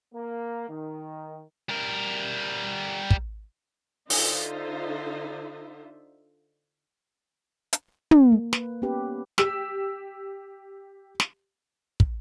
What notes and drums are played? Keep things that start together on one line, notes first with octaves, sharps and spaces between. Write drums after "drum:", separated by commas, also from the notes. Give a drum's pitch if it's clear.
A#3
D#3
G3 A#4
drum: kick
D3 D#4 F4 C5 E5, drum: open hi-hat
drum: hi-hat
drum: tom
A#3
B4, drum: snare
B3 C#4 G4 B4
G4 E6, drum: snare
drum: snare
drum: kick